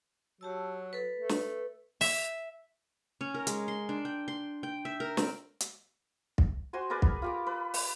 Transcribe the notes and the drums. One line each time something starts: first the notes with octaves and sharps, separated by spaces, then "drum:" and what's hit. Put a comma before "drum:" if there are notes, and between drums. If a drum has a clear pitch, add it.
F#3 G4 A5 E6
A4 B4
A3
drum: snare
E5, drum: open hi-hat
C#4
A#4
G#3, drum: hi-hat
C6
D4
G5
C6
G5
E5
A#4
C4, drum: snare
drum: hi-hat
drum: kick
F#4 C5 G#5 C6
G#4 A#4 B4 D5
drum: kick
F4 G4 D6
B4
B4, drum: open hi-hat